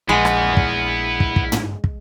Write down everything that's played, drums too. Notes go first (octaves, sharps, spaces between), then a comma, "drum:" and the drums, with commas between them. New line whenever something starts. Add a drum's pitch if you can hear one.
A#1 G#3 B3 E4 F#5
drum: rim click
drum: kick
drum: kick
drum: kick
drum: tom
drum: kick